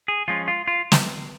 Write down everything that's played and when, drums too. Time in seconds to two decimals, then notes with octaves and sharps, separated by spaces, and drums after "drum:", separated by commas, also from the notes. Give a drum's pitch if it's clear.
0.08 G#4
0.28 F3 G#3 C#4 F4
0.48 F4
0.67 F4
0.92 drum: snare